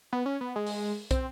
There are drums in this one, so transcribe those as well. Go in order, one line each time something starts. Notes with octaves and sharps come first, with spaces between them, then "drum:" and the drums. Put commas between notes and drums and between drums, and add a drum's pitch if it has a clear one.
B3
C#4
B3
G#3
drum: open hi-hat
C4, drum: kick, hi-hat